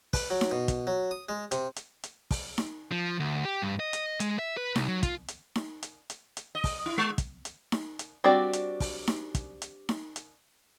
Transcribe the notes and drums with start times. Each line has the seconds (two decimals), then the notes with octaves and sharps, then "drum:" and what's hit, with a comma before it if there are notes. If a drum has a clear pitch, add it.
0.13 B4, drum: kick, open hi-hat
0.30 F#3
0.41 drum: snare D#4
0.52 B2
0.68 drum: kick, hi-hat
0.87 F#3
1.11 D#6
1.29 G#3
1.51 C3, drum: hi-hat
1.76 drum: hi-hat
2.04 drum: hi-hat
2.31 drum: kick, open hi-hat
2.58 drum: snare D#4
2.92 F3
3.20 D2
3.45 G4
3.62 G2
3.80 D#5
3.93 drum: hi-hat
4.20 G#3, drum: hi-hat
4.39 E5
4.57 B4
4.76 C2, drum: snare D#4
4.88 F#3
5.03 F4, drum: kick, hi-hat
5.28 drum: hi-hat
5.55 drum: snare D#4
5.83 drum: hi-hat
6.10 drum: hi-hat
6.37 drum: hi-hat
6.55 D#5
6.64 drum: kick, open hi-hat
6.86 E4
6.98 G#3
7.18 drum: kick, hi-hat
7.45 drum: hi-hat
7.72 drum: snare D#4
7.99 drum: hi-hat
8.24 G3 C4 D4 F#4 D5
8.53 drum: hi-hat
8.80 drum: kick, open hi-hat
9.07 drum: snare D#4
9.35 drum: kick, hi-hat
9.62 drum: hi-hat
9.89 drum: snare D#4
10.16 drum: hi-hat